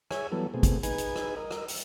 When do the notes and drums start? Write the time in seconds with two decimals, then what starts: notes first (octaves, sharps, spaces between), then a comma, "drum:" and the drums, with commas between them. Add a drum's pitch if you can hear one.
0.11 G#4 C#5 E5 G#5, drum: rim click
0.32 E3 F#3 G3 B3 A4
0.54 B2 A3 C4 G#4
0.63 drum: kick, hi-hat
0.83 D#4 G#4 B4 G#5, drum: hi-hat
0.98 drum: hi-hat
1.16 drum: rim click
1.36 A#4 D#5
1.51 drum: rim click
1.68 drum: open hi-hat